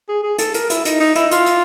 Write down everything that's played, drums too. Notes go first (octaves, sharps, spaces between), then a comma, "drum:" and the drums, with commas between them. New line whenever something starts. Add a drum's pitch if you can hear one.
G#4
G#4
A4, drum: hi-hat
A#4, drum: hi-hat
E4, drum: hi-hat
D#4, drum: hi-hat
D#4, drum: open hi-hat
E4, drum: hi-hat
F4, drum: hi-hat
drum: hi-hat